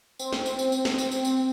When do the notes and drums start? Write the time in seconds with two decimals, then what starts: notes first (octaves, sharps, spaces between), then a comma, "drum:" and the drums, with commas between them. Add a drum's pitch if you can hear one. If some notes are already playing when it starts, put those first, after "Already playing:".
0.19 C4, drum: tambourine
0.33 drum: snare
0.46 drum: tambourine
0.59 drum: tambourine
0.72 drum: tambourine
0.85 drum: snare
0.98 drum: tambourine
1.11 drum: tambourine
1.25 drum: tambourine